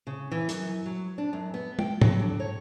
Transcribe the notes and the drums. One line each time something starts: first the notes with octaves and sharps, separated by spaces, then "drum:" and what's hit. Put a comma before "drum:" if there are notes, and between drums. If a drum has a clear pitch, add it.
C#3
E3
F#2, drum: hi-hat
F#3
D4
F#2
B3
G5, drum: tom
F#3, drum: tom
D3
C#5